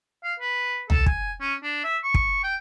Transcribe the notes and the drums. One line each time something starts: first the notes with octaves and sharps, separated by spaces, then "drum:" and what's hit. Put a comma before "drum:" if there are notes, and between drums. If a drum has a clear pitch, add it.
F5
B4
A4, drum: tom
G#5, drum: kick
C#4
D4
E5
C#6
drum: kick
G5